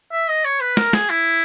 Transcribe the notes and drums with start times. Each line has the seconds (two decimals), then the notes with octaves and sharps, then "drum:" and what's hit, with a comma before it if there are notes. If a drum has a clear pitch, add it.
0.12 E5
0.28 D#5
0.45 C#5
0.61 B4
0.77 A#4, drum: snare
0.93 G#4, drum: snare
1.10 E4